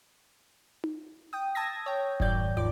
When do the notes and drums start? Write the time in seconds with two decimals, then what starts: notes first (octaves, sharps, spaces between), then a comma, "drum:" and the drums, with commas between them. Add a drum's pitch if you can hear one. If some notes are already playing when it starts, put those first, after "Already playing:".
0.84 drum: tom D#4
1.33 G5 D#6
1.55 A5 D#6 E6 G#6 A#6
1.86 C#5 G5
2.20 G#2 D#3 F#3 D5 G6, drum: kick F1
2.57 D#2 G#2 D#3 F3 D5 D6